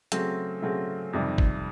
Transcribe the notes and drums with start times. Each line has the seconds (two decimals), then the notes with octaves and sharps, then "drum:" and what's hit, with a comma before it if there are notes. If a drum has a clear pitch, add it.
0.12 C#3 F#3 A3 C4, drum: hi-hat
0.62 C#3 F#3 A3 C4
1.13 F2 C3 D#3 G3
1.38 drum: kick